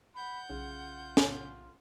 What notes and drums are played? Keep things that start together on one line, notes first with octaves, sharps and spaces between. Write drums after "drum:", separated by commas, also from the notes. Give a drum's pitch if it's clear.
F#5 B5 G6
B1 C#3 F4
drum: snare